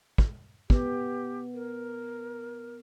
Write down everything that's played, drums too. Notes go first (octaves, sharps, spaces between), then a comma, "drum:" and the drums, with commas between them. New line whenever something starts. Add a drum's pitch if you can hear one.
drum: kick
B3 G4, drum: kick
A#4